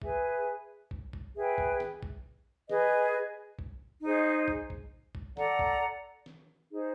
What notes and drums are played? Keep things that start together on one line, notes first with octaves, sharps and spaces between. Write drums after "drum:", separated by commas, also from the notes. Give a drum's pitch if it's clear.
G#4 B4 E5 G#5, drum: kick
drum: kick
drum: kick
G#4 B4 E5 G5
drum: kick
drum: snare
drum: kick
G#4 B4 D#5, drum: snare
drum: kick
D#4 G#4 C5 D#5
drum: kick
drum: kick
drum: kick
A4 D5 F#5 A#5, drum: snare
drum: kick
drum: snare
D#4 G#4 C5